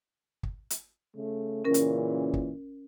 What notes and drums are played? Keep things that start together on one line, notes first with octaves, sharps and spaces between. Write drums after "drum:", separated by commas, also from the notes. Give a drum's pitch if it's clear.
drum: kick
drum: hi-hat
C#3 A3
A#2 C#3 E3 C#4 A#4
drum: hi-hat
drum: kick